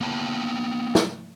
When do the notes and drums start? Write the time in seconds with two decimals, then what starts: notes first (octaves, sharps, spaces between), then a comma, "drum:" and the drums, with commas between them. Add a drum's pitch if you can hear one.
0.01 A#3 B3 G5 A5
0.95 drum: snare